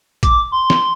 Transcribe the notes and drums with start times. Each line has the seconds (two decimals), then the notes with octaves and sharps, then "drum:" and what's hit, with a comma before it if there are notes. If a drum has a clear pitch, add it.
0.23 D6, drum: kick A#1, hi-hat
0.52 C6
0.70 drum: snare